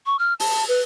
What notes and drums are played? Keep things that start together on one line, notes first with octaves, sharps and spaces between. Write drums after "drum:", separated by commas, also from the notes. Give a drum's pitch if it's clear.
C#6
F6
A5, drum: open hi-hat
B4